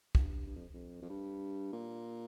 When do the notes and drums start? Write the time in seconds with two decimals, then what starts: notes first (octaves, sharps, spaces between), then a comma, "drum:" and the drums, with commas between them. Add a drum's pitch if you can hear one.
0.15 G2, drum: kick
0.46 G2
0.56 F2
0.74 F2
1.02 F2
1.09 G2
1.72 A#2